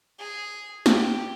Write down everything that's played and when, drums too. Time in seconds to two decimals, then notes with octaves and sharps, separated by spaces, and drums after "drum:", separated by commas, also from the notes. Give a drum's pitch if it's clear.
0.19 G#4
0.86 G4, drum: snare